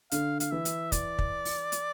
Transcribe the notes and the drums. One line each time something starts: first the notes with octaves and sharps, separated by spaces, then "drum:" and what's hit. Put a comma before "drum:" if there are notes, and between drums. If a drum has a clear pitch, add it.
D3 F5, drum: hi-hat
F5, drum: hi-hat
E3 E5
drum: hi-hat
D5, drum: kick, hi-hat
drum: kick
drum: open hi-hat
drum: hi-hat